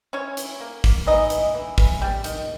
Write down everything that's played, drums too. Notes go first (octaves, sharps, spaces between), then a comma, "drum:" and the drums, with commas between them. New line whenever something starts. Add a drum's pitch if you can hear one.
E3 C#4 C#5
E3, drum: hi-hat
A#3
A#3, drum: kick, open hi-hat
E3 D#4 D#5
E3, drum: hi-hat
E3
E3, drum: kick, open hi-hat
G3
D#3, drum: hi-hat